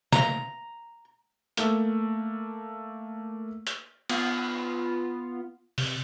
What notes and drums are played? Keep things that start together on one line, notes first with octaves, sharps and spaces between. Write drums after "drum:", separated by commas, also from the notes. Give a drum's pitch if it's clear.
A#5, drum: snare
A3 A#3, drum: hi-hat
drum: hi-hat
B3 F4, drum: cymbal
C3, drum: open hi-hat